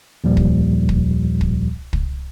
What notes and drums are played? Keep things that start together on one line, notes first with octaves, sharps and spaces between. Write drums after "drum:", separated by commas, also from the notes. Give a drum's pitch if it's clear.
D#2 A#2 F3 G3
drum: kick
drum: kick
drum: kick
drum: kick